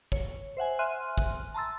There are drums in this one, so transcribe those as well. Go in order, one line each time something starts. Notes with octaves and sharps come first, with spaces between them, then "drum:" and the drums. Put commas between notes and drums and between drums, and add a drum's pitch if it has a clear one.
C#5, drum: kick
C5 E5 F#5 G#5
E5 G#5 C6 F6 F#6 D#7
drum: kick
A5 A#5 C6 E6 A6